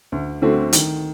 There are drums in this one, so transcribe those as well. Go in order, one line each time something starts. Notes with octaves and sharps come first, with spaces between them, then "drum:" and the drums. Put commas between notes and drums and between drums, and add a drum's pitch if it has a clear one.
D2
D3 A3 C4 F#4
D#3, drum: hi-hat